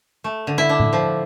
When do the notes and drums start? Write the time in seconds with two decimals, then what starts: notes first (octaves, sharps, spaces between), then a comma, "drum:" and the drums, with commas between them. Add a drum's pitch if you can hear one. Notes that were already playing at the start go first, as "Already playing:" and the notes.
0.24 A3
0.47 D3
0.58 E4
0.69 D4
0.80 drum: tom A2
0.93 F3